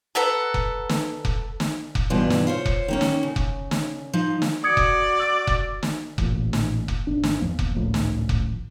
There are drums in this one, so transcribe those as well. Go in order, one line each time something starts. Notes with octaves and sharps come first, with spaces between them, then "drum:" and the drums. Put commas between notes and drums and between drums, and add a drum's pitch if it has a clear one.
A4 B4 F#5 A#5
drum: kick F1
drum: snare
drum: kick F1
drum: snare
drum: kick F1
G2 B2 E3 D4 F4
drum: snare
F4 C5 C#5
drum: kick F1
D#3 A#3 C#4
drum: snare
C#3
drum: kick F1
drum: snare
F3 D#4
drum: snare
F#4 D5 D#6 G#6 C#7
drum: kick F1
E6 A6 D7
drum: kick F1
drum: snare
A1 A#2, drum: kick F1
drum: snare
drum: kick F1
G#1 D4
drum: snare
E2 F3 A#3
drum: kick F1
G#1 C#2 A2 F3
drum: snare
drum: kick F1